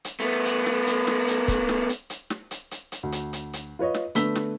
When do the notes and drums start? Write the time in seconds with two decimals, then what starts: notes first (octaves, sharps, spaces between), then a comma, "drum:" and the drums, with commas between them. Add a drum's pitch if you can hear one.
0.05 drum: hi-hat
0.20 A3 B3
0.46 drum: hi-hat
0.66 drum: snare
0.87 drum: hi-hat
1.07 drum: snare
1.28 drum: hi-hat
1.48 drum: kick, hi-hat
1.69 drum: snare
1.89 drum: hi-hat
2.10 drum: hi-hat
2.30 drum: snare
2.51 drum: hi-hat
2.71 drum: hi-hat
2.92 drum: hi-hat
3.03 D2
3.12 drum: hi-hat
3.33 drum: hi-hat
3.53 drum: hi-hat
3.79 F4 B4 C#5 D#5
3.94 drum: snare
4.15 D3 A3 B3 E6 B6 G7, drum: hi-hat
4.35 drum: snare